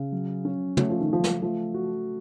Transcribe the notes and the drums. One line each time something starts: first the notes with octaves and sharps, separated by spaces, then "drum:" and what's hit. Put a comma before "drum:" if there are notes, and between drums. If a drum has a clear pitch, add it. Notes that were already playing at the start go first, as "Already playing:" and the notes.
Already playing: C#3
F#3
C#4
F#3 A3, drum: tom
F3
D#3
C#3 F3
drum: snare
F3 A3
F#4